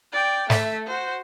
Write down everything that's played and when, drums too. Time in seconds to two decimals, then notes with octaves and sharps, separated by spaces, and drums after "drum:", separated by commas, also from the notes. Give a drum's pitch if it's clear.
0.13 D5 G5
0.50 A3 E5, drum: snare
0.87 F#4 C5